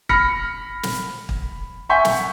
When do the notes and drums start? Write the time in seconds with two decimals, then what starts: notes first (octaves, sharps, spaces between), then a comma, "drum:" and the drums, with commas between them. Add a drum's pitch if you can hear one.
0.09 B5 F6 A#6 C#7, drum: kick
0.83 drum: snare
1.29 drum: kick
1.89 E5 F#5 G#5 C#6 G6 B6
2.05 drum: snare